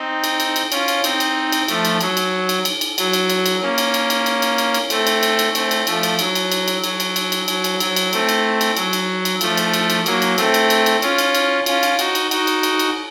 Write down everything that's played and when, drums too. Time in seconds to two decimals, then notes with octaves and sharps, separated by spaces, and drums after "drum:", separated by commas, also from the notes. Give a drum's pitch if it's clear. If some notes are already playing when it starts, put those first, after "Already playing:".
Already playing: C4 D#4
0.24 drum: cymbal
0.40 drum: cymbal
0.56 drum: cymbal
0.72 C#4 F4, drum: cymbal
0.88 drum: cymbal
1.04 C4 D#4, drum: cymbal
1.20 drum: cymbal
1.52 drum: cymbal
1.68 F3 A3, drum: cymbal
1.85 drum: cymbal
2.01 F#3, drum: cymbal
2.17 drum: cymbal
2.49 drum: cymbal
2.65 drum: cymbal
2.81 drum: cymbal
2.98 F#3, drum: cymbal
3.13 drum: cymbal
3.30 drum: cymbal
3.46 drum: cymbal
3.62 A#3 C#4
3.78 drum: cymbal
3.94 drum: cymbal
4.10 drum: cymbal
4.26 drum: cymbal
4.42 drum: cymbal
4.58 drum: cymbal
4.74 drum: cymbal
4.90 A3 C4, drum: cymbal
5.07 drum: cymbal
5.23 drum: cymbal
5.39 drum: cymbal
5.55 A3 C4, drum: cymbal
5.71 drum: cymbal
5.87 F3 A3, drum: cymbal
6.03 drum: cymbal
6.19 F#3, drum: cymbal
6.35 drum: cymbal
6.52 drum: cymbal
6.68 drum: cymbal
6.84 F#3, drum: cymbal
7.00 drum: cymbal
7.16 drum: cymbal
7.32 drum: cymbal
7.48 F#3, drum: cymbal
7.64 drum: cymbal
7.80 F#3, drum: cymbal
7.96 drum: cymbal
8.13 A3 C4, drum: cymbal
8.29 drum: cymbal
8.61 drum: cymbal
8.77 F#3, drum: cymbal
8.93 drum: cymbal
9.25 drum: cymbal
9.41 F3 A3, drum: cymbal
9.57 drum: cymbal
9.74 drum: cymbal
9.90 drum: cymbal
10.06 F#3 A#3, drum: cymbal
10.22 drum: cymbal
10.38 A3 C4, drum: cymbal
10.54 drum: cymbal
10.70 drum: cymbal
10.86 drum: cymbal
11.02 C#4 F4, drum: cymbal
11.18 drum: cymbal
11.35 drum: cymbal
11.66 C#4 F4, drum: cymbal
11.83 drum: cymbal
11.99 D#4 F#4, drum: cymbal
12.15 drum: cymbal
12.31 D#4 F#4, drum: cymbal
12.47 drum: cymbal
12.63 drum: cymbal
12.79 drum: cymbal